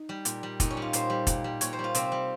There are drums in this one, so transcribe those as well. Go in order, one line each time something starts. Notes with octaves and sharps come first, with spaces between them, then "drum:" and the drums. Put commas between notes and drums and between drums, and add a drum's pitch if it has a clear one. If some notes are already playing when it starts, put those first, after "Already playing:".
Already playing: D#4
G3
A#2, drum: hi-hat
G3
A#2 D#4, drum: kick, hi-hat
C#4
G3
F4
A#2 C5, drum: hi-hat
G3
A#2, drum: kick, hi-hat
G3
A#2 C#5, drum: hi-hat
C5
G3
F4
C3 C4, drum: hi-hat
G3